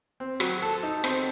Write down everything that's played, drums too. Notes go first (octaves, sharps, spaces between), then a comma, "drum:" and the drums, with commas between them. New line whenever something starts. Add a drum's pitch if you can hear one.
C4
F#3, drum: rim click
A4
D#4
C4, drum: rim click